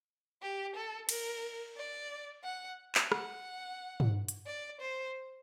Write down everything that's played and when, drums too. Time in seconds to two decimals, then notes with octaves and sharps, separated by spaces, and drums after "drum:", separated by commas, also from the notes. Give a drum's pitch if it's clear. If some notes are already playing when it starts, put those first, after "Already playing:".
0.42 G4
0.76 A4
1.09 A#4, drum: cymbal
1.77 D5
2.44 F#5
2.95 drum: clap
3.12 F#5, drum: rim click
4.00 drum: tom
4.29 drum: hi-hat
4.46 D5
4.80 C5